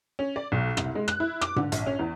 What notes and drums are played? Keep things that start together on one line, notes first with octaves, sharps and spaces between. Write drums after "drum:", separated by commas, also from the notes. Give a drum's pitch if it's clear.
C#4
D5
B1
C2, drum: rim click
G#3
F#6, drum: rim click
E4
D6, drum: rim click
D3, drum: tom G#2
A#1, drum: hi-hat
C#4
E2